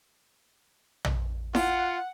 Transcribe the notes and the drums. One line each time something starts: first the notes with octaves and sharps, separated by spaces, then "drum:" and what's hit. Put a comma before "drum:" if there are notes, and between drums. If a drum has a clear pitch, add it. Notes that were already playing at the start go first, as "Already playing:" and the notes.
drum: tom A#1
F4 F#5, drum: snare E4